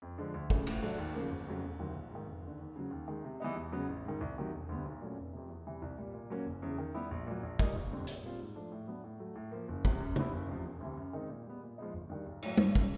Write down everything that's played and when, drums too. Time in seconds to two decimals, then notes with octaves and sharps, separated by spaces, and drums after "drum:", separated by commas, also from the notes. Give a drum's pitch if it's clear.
0.02 F2
0.18 D3 F3 G#3
0.34 D2
0.50 C#3 E3 A3, drum: kick
0.67 A2, drum: cymbal
0.82 F#3 A3 D4
0.98 D#2
1.15 C#3 F3 A#3
1.31 G1
1.47 F2 C#3 F#3 A3
1.63 E1
1.79 D2 C3 D#3 F#3
1.95 A#1
2.11 G#2 D#3
2.27 F1
2.43 D#2 D3
2.59 D#2
2.76 C#3 F#3
2.91 D#2
3.08 D#3 G#3
3.24 C3
3.40 E3 G3 B3 D#4
3.56 E2
3.72 C#3 F#3 B3
3.89 A1
4.05 G#2 D#3
4.21 C2
4.36 C3 D#3 F#3
4.53 E1
4.69 D2 D3 G3 B3
4.85 B1
5.01 A#2 F#3 A3 C#4
5.17 F1
5.33 F2 C3
5.49 E2
5.65 C3 E3 G3
5.82 C2
5.98 A#2 G3
6.14 A#2
6.30 F#3 A#3 C#4
6.46 F#1
6.62 E2 C#3
6.78 D#3
6.94 G3 B3 E4 G4
7.11 A#1
7.27 A#2 F#3
7.43 A#1
7.59 A#2 G3 A#3 D#4, drum: kick
7.75 G1
7.91 F2 D3 G3 C4
8.07 A#1, drum: hi-hat
8.23 A#2 G3 C4 F4
8.39 G#2
8.55 F3 A3 D4
8.72 A2
8.88 F#3 B3 D4
9.04 A2
9.20 F#3 A3
9.35 A2
9.52 F3 A#3
9.68 F#1
9.85 E2 C3, drum: kick
10.00 F#2
10.16 D3 G3 B3 E4, drum: tom C#3
10.33 F#1
10.48 E2 C3 F3
10.65 E1
10.81 D2 C3 E3
10.97 F#2
11.13 D#3 G#3 C4 D#4
11.29 A#2
11.46 G3 B3
11.62 A#2
11.78 F3 G#3 B3 D#4
11.93 G1
12.10 G2 D#3 G3
12.26 B1
12.42 A2 F#3, drum: cymbal
12.58 G#1, drum: tom
12.75 C#3, drum: kick